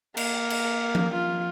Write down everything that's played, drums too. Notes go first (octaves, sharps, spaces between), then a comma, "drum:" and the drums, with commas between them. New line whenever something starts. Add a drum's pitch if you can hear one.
A#3, drum: cymbal
drum: cymbal
drum: tom F3
F4